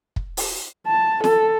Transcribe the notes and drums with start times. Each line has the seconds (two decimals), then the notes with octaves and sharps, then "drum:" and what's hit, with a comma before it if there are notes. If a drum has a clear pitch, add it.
0.16 drum: kick
0.37 drum: open hi-hat
0.87 A5
1.24 A4, drum: snare